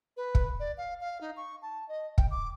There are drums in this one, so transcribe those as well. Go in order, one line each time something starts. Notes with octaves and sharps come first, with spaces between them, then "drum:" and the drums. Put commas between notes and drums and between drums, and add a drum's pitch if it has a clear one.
B4
drum: kick
D5
F5
F5
D#4
C#6
A5
D#5
G5, drum: kick
D6